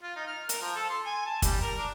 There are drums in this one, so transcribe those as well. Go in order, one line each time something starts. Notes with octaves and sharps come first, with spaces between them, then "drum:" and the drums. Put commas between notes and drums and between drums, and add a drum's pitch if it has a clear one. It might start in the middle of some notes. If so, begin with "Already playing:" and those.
F4
D#4
F6
A#4, drum: hi-hat
F3
A4
C6
G#5
A5
G3, drum: kick, hi-hat
A#4
D4